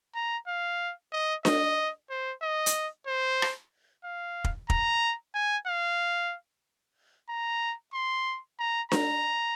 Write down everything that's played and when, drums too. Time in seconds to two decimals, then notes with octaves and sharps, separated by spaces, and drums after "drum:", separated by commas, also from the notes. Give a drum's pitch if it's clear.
0.15 A#5
0.47 F5
1.12 D#5
1.45 D#5, drum: snare D4
2.10 C5
2.42 D#5
2.66 drum: hi-hat
3.07 C5
3.42 drum: rim click
4.04 F5
4.44 drum: kick
4.70 A#5, drum: kick
5.35 G#5
5.67 F5
7.29 A#5
7.94 C6
8.59 A#5
8.92 A#5, drum: snare D4